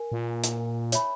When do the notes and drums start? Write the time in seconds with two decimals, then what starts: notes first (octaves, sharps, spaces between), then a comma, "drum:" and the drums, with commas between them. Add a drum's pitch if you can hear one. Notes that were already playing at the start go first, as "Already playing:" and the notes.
Already playing: A#4 G#5
0.12 A#2
0.44 drum: hi-hat
0.92 C#5 E5 G#5 B5, drum: hi-hat